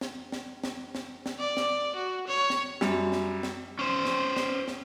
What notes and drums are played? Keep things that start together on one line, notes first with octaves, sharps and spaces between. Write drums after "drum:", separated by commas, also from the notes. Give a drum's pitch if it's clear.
drum: snare
drum: snare
drum: snare
drum: snare
drum: snare
D5
drum: snare
F#4
C#5
drum: snare
F#2 G3, drum: snare
drum: snare
drum: snare
C#4 C5
drum: snare
drum: snare
drum: snare